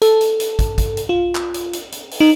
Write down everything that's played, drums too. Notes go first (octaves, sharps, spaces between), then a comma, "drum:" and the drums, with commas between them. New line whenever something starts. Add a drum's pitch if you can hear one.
A4, drum: hi-hat
drum: hi-hat
drum: hi-hat
drum: kick, hi-hat
drum: kick, hi-hat
drum: hi-hat
F4
drum: clap
drum: hi-hat
drum: hi-hat
drum: hi-hat
drum: open hi-hat
D#4